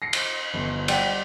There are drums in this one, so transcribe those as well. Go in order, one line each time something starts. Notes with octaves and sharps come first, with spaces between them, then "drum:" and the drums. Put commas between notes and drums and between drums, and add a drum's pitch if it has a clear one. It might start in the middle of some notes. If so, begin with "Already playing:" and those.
A#6 C7 C#7
drum: cymbal
G1 C7
G3 F#5 G5, drum: cymbal